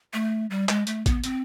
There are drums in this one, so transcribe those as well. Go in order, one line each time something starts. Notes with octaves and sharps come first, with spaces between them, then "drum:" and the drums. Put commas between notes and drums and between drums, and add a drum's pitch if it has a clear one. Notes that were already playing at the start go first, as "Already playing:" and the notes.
A3
G3
G#3, drum: clap
A3, drum: hi-hat
B3, drum: kick, hi-hat
C4, drum: hi-hat